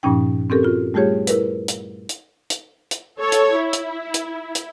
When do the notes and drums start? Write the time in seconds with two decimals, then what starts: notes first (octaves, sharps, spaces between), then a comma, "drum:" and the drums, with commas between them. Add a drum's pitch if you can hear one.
0.03 G2 A#2 F3 C#4 D#4 G5
0.50 C4 C#4 G4 A4 A#4
0.63 F4 F#4
0.94 G3 A3 F4 G4 G#4 C#5
1.27 E4 A#4 B4, drum: hi-hat
1.68 drum: hi-hat
2.09 drum: hi-hat
2.50 drum: hi-hat
2.91 drum: hi-hat
3.20 A4 C#5
3.32 drum: hi-hat
3.57 E4
3.73 drum: hi-hat
4.14 drum: hi-hat
4.55 drum: hi-hat